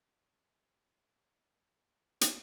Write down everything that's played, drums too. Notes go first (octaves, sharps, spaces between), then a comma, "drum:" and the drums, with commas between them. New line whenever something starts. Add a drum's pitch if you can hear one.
F#5 D7
drum: hi-hat